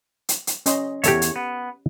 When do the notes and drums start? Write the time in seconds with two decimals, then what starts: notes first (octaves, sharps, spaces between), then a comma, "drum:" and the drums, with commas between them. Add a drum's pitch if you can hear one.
0.29 drum: hi-hat
0.47 drum: hi-hat
0.66 C#4 D#5 C6, drum: hi-hat
1.04 E2 G4 A4 C#5 E5, drum: hi-hat
1.22 drum: hi-hat
1.36 B3